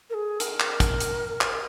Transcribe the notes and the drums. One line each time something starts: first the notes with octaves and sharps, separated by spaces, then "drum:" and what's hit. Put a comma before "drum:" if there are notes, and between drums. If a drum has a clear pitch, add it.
A#4
G#4
A#4, drum: hi-hat
drum: clap
drum: kick, hi-hat
drum: hi-hat
drum: clap